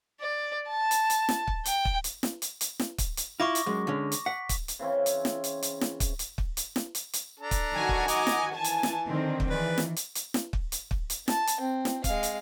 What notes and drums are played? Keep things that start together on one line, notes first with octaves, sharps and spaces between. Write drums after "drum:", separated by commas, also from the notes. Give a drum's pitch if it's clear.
D5
A5
drum: hi-hat
drum: hi-hat
drum: snare
drum: kick
G5, drum: hi-hat
drum: kick
drum: hi-hat
drum: snare
drum: hi-hat
drum: hi-hat
drum: snare
drum: kick, hi-hat
drum: hi-hat
E4 F4 C#6 D6 A#6
drum: hi-hat
F#2 G#3
D3 G#3 C#4
drum: hi-hat
F#5 B6
drum: kick, hi-hat
drum: hi-hat
C#3 E3 C4 C#4
drum: hi-hat
drum: snare
drum: hi-hat
drum: hi-hat
drum: snare
drum: kick, hi-hat
drum: hi-hat
drum: kick
drum: hi-hat
drum: snare
drum: hi-hat
drum: hi-hat
D4 A4 A#5
drum: kick, hi-hat
D#3 F#4 G#5
drum: kick
D#5 A#5 D6, drum: hi-hat
drum: snare
E3 G#5 A5
drum: hi-hat
drum: snare
D3 D#3 C4
drum: kick
D#3 E3 G#4 B4 D5
drum: snare
drum: hi-hat
drum: hi-hat
drum: snare
drum: kick
drum: hi-hat
drum: kick
drum: hi-hat
A5, drum: snare
drum: hi-hat
C4
drum: snare
G#3 F5, drum: kick, hi-hat
drum: hi-hat